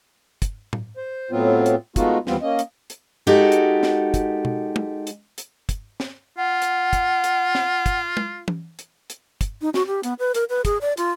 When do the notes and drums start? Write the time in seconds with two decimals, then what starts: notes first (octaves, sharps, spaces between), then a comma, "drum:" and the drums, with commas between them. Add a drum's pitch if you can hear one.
0.42 drum: kick, hi-hat
0.73 drum: tom
0.97 C5
1.31 A2 F#3 B3 C4 F4
1.66 drum: hi-hat
1.96 G#3 A3 B3 D#4 F4 F#4, drum: kick, hi-hat
2.27 D#2 E3 G3 B3 C4 F4, drum: snare
2.42 A#3 C#4 D#5
2.59 drum: hi-hat
2.90 drum: hi-hat
3.27 G#3 D#4 F#4 G4 A4
3.52 drum: hi-hat
3.83 drum: snare
4.14 drum: kick, hi-hat
4.45 drum: tom B2
4.76 drum: tom
5.07 drum: hi-hat
5.38 drum: hi-hat
5.69 drum: kick, hi-hat
6.00 drum: snare
6.38 F4 F#5
6.62 drum: hi-hat
6.93 drum: kick, hi-hat
7.24 drum: hi-hat
7.55 drum: snare
7.86 drum: kick, hi-hat
8.17 drum: tom
8.48 drum: tom
8.79 drum: hi-hat
9.10 drum: hi-hat
9.41 drum: kick, hi-hat
9.61 D#4
9.74 F#4, drum: snare
9.87 G4
10.03 B3, drum: hi-hat
10.19 B4
10.34 A#4, drum: hi-hat
10.50 B4
10.65 G#4, drum: kick, hi-hat
10.81 D5
10.97 F4, drum: hi-hat